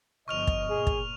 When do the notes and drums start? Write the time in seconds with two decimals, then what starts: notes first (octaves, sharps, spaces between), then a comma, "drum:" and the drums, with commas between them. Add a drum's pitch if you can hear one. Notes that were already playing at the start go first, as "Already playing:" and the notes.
0.28 G1 F3 D#5 C#6 F6 F7
0.47 drum: kick
0.70 A#2 G#4
0.87 drum: kick